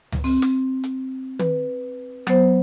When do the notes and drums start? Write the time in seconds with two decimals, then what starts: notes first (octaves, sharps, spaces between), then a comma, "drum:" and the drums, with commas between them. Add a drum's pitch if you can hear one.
0.12 drum: tom C#2
0.24 C4, drum: open hi-hat
0.42 drum: snare
0.84 drum: hi-hat
1.39 B4, drum: tom
2.27 F#3 B3 C5, drum: rim click